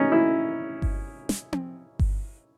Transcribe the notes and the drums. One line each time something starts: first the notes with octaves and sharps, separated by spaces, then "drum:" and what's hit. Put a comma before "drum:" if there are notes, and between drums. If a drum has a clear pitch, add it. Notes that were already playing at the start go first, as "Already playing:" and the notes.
Already playing: C#4 D#4
E4
drum: kick G1
drum: snare
drum: tom C4
drum: kick G1